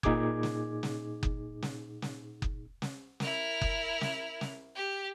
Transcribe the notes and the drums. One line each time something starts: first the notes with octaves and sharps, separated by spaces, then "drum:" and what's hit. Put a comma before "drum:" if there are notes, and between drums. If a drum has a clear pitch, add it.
A#2 D#4 G#4 D6 G#6, drum: kick F#1
drum: snare
drum: snare
drum: kick F#1
drum: snare
drum: snare
drum: kick F#1
drum: snare
E4 A#4, drum: snare
drum: kick F#1
drum: snare
drum: snare
G4